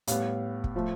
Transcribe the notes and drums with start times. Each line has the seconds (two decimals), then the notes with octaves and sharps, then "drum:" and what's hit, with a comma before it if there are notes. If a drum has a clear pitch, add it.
0.07 A2 G3 B3 F5, drum: hi-hat
0.64 drum: kick
0.76 F3 A3